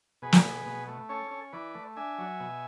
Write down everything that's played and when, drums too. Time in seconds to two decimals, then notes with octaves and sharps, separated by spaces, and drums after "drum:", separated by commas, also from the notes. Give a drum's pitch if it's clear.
0.22 B2 G#4 B4
0.33 drum: snare
0.45 B2
0.66 B2
0.87 A3
1.09 C#4 A4 C#5
1.31 C#4
1.53 E3 B4 D5
1.74 A3
1.96 D4 E5 G#5
2.18 F#3
2.40 B2